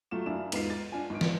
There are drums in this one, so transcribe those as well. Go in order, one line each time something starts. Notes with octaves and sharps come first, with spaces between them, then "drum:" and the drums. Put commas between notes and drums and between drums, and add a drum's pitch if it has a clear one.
F#3 A3 F4 E7
F#2 D4 E4 F5 E7
E1 G#2 B3 F4 B4 C7, drum: cymbal
A6
D4 F4 G#5
G#1 D7
drum: snare